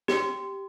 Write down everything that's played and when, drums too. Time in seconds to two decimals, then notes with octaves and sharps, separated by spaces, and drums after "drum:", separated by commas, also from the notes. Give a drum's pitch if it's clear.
0.08 G4, drum: snare